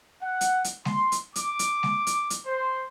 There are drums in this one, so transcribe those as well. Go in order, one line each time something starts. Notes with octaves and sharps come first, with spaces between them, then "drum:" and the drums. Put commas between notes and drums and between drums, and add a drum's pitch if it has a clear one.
F#5
drum: hi-hat
drum: hi-hat
C6, drum: snare G#3
drum: hi-hat
D6, drum: hi-hat
drum: hi-hat
drum: snare G#3
drum: hi-hat
drum: hi-hat
C5